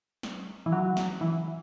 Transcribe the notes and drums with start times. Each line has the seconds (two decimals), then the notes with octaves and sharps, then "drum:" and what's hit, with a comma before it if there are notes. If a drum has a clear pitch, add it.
0.23 drum: snare
0.66 E3
0.72 F#3
0.97 drum: snare
1.21 E3